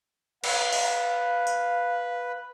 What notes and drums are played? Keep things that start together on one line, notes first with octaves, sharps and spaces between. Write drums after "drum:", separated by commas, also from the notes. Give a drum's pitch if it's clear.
B4 F5, drum: cymbal
drum: open hi-hat
drum: tambourine